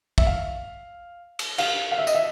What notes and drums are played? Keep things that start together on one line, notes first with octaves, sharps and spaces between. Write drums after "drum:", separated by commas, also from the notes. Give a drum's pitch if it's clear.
E5, drum: kick
F5
drum: cymbal
F5, drum: cymbal
F5
E5
D#5, drum: tambourine
E5